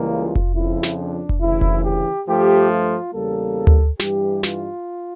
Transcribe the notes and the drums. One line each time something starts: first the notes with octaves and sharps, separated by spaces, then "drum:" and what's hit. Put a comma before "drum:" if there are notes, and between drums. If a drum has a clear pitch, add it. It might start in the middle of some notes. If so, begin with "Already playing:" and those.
Already playing: C#2 C#3 E3 G3 A#3
F4
drum: kick F1
F2 C#3 F3 E4
drum: snare
D4
drum: kick F1
D2 C#3 E3 E4
drum: kick F1
G4
G2 F3 A3 G4
F4
E2 C#3 G3 A#3 A4
drum: tom D2
G2 E3 G3 G4, drum: snare
F4, drum: snare